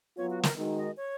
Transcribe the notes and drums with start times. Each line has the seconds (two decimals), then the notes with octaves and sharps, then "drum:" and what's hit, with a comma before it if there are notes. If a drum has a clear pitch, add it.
0.17 F#3 B3 F4 C#5
0.30 F#4
0.43 A#4, drum: snare
0.56 D#3 G#3 D#4 F#4 A#4
0.77 D#5
0.97 C#5